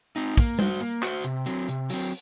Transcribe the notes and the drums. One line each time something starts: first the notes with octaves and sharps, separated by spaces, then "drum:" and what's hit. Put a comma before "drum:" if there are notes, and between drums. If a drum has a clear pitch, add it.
C4 D#4
A#3, drum: kick, hi-hat
F#4 C5, drum: tom G3
A#3
F#4 C5, drum: clap
C3, drum: hi-hat
F#3 C4, drum: hi-hat
C3, drum: hi-hat
F#3 C4, drum: open hi-hat